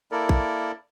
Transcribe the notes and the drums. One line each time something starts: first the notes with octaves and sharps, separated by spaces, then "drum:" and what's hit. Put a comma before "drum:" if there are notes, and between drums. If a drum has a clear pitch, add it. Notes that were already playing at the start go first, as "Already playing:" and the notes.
A#3 E4 A4 A#4 D5
drum: kick